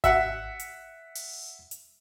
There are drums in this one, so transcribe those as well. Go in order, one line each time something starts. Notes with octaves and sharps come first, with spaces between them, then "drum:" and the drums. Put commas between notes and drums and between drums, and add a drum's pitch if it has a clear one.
E5 F#5, drum: kick G#1, hi-hat
drum: hi-hat
drum: open hi-hat
drum: hi-hat